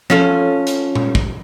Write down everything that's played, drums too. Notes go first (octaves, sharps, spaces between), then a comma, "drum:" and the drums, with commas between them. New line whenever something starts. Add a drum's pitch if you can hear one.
C#4 F4 A4, drum: tom F3
drum: hi-hat
drum: tom A#2
drum: kick